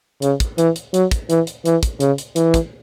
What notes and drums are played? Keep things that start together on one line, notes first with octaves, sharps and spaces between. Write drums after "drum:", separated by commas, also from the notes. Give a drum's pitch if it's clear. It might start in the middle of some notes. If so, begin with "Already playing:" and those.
C#3, drum: hi-hat
drum: kick, hi-hat
E3, drum: hi-hat
drum: hi-hat
F#3, drum: hi-hat
drum: kick, hi-hat
E3, drum: hi-hat
drum: hi-hat
E3, drum: hi-hat
drum: kick, hi-hat
C#3, drum: hi-hat
drum: hi-hat
E3, drum: hi-hat
drum: kick, hi-hat